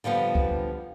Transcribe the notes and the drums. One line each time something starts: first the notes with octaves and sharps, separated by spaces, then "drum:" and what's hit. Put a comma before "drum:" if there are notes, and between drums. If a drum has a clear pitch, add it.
D3 F3 G3 B3
drum: kick C#2